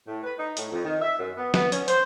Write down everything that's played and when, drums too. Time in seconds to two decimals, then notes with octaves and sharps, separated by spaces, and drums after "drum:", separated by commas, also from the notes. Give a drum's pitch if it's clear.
0.08 A2
0.23 B4
0.38 D#4
0.57 A2, drum: hi-hat
0.71 F2
0.85 D#3
1.00 E5
1.19 F#2
1.36 B3
1.54 B3, drum: snare
1.72 C#4, drum: hi-hat
1.88 C5, drum: hi-hat